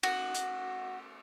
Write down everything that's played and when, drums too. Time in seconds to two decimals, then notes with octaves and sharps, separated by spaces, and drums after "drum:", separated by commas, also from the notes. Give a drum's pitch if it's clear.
0.03 F#4, drum: cymbal
0.35 drum: hi-hat